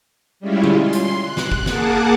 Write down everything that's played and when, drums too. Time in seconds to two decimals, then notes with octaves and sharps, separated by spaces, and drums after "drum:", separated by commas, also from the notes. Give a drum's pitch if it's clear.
0.40 G3 G#3 C#4 E4 F4
0.64 drum: tom D3
0.78 C6
0.93 drum: hi-hat
1.22 F#6
1.37 drum: snare
1.52 drum: kick
1.66 A#3 G#4 F#5 A5 D6, drum: snare